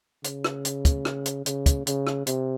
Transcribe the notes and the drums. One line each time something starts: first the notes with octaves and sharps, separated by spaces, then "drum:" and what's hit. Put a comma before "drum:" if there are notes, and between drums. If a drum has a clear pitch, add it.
C#3, drum: hi-hat
drum: rim click
drum: hi-hat
drum: kick, hi-hat
drum: rim click
drum: hi-hat
C#3, drum: hi-hat
drum: kick, hi-hat
C#3, drum: hi-hat
drum: rim click
C3, drum: hi-hat